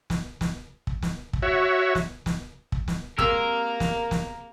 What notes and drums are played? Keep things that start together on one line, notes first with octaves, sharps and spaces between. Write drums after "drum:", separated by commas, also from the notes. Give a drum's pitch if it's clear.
drum: snare
drum: snare
drum: kick
drum: snare
drum: kick
F#4 C#5 E5
drum: snare
drum: snare
drum: kick
drum: snare
A#3 C4 G4 G#4 A#4 E6, drum: kick
drum: snare
drum: snare